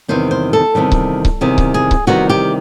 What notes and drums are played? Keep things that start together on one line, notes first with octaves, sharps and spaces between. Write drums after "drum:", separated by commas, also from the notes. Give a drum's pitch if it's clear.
E2 C3 D#3 G3 C5
C5
A4
E2 C3 D#3 G3
drum: kick C#1
drum: kick C#1
E2 C3 D#3 G3 G#4
drum: kick C#1
G#4
drum: kick C#1
E2 C3 D#3 G3 F#4
G4